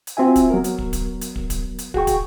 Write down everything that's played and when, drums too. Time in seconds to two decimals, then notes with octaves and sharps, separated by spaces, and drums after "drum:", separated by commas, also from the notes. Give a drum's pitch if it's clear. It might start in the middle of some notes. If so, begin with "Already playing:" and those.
0.07 drum: hi-hat
0.17 C4 F4 F#4 E5 G#5
0.36 drum: kick, hi-hat
0.50 F#3 B3 A#4
0.64 drum: hi-hat
0.78 drum: kick
0.93 drum: kick, hi-hat
1.21 drum: hi-hat
1.36 drum: kick
1.50 drum: kick, hi-hat
1.78 drum: hi-hat
1.94 F#4 G#4 G5 C#6, drum: kick
2.07 drum: kick, hi-hat